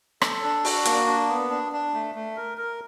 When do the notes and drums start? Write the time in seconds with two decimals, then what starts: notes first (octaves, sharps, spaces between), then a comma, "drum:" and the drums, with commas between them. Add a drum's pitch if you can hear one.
0.22 A4, drum: rim click
0.43 D4
0.65 F#4, drum: open hi-hat
0.85 A#3, drum: hi-hat
1.07 D4
1.29 B3
1.50 D4
1.72 D4
1.94 A3
2.15 A3
2.37 A#4
2.58 A#4